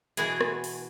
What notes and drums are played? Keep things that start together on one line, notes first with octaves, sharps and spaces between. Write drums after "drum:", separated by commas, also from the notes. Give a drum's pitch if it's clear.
B2 E3 E4 F#4 G#4, drum: hi-hat
drum: rim click
drum: open hi-hat